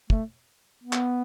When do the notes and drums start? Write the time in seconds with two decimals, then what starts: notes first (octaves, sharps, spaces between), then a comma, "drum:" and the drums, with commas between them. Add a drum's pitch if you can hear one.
0.10 A3, drum: kick
0.83 B3
0.93 drum: clap